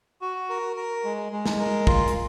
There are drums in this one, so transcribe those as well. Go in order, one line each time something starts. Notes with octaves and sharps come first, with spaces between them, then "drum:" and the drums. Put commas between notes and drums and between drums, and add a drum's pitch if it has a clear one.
F#4
A#4
A#4
G#3
G#3
drum: snare
A#4
F4, drum: kick
drum: hi-hat